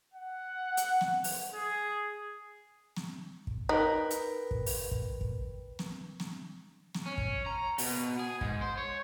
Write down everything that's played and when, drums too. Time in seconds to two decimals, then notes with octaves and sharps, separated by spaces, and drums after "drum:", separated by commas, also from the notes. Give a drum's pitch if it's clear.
0.14 F#5
0.77 drum: hi-hat
1.01 drum: snare
1.24 drum: open hi-hat
1.54 G#4
2.97 drum: snare
3.47 drum: kick
3.69 D#4 A#4 B4 G5
4.10 drum: hi-hat
4.51 drum: kick
4.66 drum: open hi-hat
4.91 drum: kick
5.21 drum: kick
5.79 drum: snare
6.20 drum: snare
6.95 drum: snare
7.06 C#4
7.18 drum: kick
7.46 A#5
7.78 B2, drum: open hi-hat
8.19 G#4
8.41 G#2, drum: kick
8.61 C5
8.78 C#5